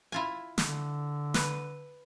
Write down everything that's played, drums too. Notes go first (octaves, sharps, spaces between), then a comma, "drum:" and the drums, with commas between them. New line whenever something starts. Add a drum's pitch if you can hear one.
E4 F4 G#5
D3, drum: snare
B4, drum: snare